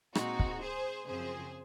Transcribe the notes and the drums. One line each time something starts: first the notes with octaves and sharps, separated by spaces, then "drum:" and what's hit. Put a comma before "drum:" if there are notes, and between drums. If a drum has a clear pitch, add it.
A#2 G#3 C4 D#4 F#4, drum: rim click
drum: kick
G#4 C5
F#2 C#3 F3 C4 G#4 C5